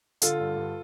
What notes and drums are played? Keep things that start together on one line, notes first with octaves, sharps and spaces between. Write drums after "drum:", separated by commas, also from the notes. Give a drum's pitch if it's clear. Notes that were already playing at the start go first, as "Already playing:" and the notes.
D3 F4 A4, drum: hi-hat
G2
G2